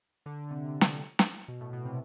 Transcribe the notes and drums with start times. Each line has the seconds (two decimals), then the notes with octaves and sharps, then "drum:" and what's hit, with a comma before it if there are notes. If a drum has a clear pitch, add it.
0.26 D3
0.50 C3
0.81 drum: snare
1.19 drum: snare
1.48 B2
1.61 A2
1.73 B2
1.85 C3